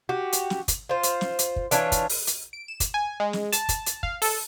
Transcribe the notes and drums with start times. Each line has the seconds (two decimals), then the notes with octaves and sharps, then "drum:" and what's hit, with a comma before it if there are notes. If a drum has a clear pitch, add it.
0.09 F#4 G4
0.33 drum: hi-hat
0.50 drum: snare
0.68 drum: kick, hi-hat
0.89 F4 C5
1.03 drum: hi-hat
1.21 drum: snare
1.39 drum: hi-hat
1.56 drum: kick
1.71 E3 D4 F4 C#5, drum: hi-hat
1.92 drum: kick, hi-hat
2.09 drum: open hi-hat
2.27 drum: hi-hat
2.53 D7
2.68 E7
2.80 drum: kick, hi-hat
2.94 G#5
3.20 G#3
3.33 drum: snare
3.52 A5, drum: hi-hat
3.69 drum: kick, hi-hat
3.86 drum: hi-hat
4.03 F5, drum: kick
4.22 A4, drum: open hi-hat